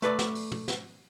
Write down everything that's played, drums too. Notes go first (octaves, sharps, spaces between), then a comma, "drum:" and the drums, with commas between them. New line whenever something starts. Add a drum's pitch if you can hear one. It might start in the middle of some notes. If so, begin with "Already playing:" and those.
A3 B4 D5, drum: hi-hat
drum: snare
drum: open hi-hat
drum: tom
drum: snare